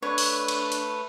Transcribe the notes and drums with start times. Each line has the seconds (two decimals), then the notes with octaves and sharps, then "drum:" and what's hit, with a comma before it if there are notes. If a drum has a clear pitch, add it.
0.02 A3 D4 B4 C#5
0.18 drum: open hi-hat
0.48 drum: cymbal
0.72 drum: hi-hat